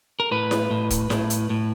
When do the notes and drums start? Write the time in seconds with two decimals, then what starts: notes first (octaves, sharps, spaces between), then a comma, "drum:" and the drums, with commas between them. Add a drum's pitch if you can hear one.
0.20 A#4
0.31 A2 B4
0.51 drum: snare E4
0.71 A2
0.90 drum: kick, hi-hat
1.10 A2, drum: snare E4
1.30 drum: hi-hat
1.50 A2